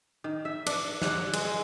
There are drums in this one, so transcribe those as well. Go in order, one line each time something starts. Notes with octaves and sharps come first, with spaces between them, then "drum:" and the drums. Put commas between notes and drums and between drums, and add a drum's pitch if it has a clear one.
D#3
E5
D4, drum: cymbal
F#5, drum: snare
G#3, drum: cymbal
G#3